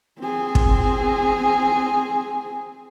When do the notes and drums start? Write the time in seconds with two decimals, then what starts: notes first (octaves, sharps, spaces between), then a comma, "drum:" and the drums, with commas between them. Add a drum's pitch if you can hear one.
0.20 C4 G#4
0.55 drum: kick